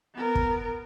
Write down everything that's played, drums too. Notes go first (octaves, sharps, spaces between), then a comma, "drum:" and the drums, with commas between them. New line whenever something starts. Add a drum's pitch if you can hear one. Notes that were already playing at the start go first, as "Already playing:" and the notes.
B3 A#4
drum: kick